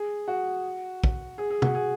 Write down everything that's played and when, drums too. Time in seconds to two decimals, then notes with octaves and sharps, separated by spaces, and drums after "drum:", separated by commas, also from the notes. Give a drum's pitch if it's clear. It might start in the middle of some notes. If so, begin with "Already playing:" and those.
Already playing: G#4
0.28 F#4
1.04 drum: kick
1.38 G#4
1.50 G#4
1.62 F#4, drum: tom
1.75 G#4